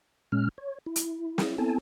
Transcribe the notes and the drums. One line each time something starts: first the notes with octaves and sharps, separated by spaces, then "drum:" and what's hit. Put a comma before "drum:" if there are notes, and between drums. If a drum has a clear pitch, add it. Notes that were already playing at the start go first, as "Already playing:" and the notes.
A#2 G#3 C#4 F6
C#5
E4
drum: hi-hat
drum: snare
B3 C4 E4 A4 G#5 A5